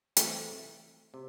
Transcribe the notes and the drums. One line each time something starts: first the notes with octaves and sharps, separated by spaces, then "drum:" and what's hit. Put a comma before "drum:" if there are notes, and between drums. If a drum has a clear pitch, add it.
E3 A3 C4, drum: hi-hat
C3